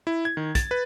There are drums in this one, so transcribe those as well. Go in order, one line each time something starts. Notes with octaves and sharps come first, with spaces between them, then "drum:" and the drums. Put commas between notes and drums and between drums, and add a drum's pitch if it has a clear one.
E4
G#6
D#3
A6, drum: kick, hi-hat
B4